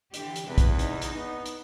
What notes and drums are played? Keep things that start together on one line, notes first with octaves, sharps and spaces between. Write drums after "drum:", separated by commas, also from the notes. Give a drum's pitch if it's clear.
D3 E3 G4, drum: hi-hat
drum: hi-hat
E2 C3 G#3 B4
drum: kick, hi-hat
D#4, drum: hi-hat
drum: hi-hat
B3
drum: hi-hat